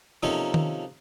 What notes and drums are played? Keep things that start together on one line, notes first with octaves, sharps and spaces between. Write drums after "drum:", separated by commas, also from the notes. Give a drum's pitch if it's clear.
C3 F3 A#3 C#4 D#4 A4
drum: tom D#3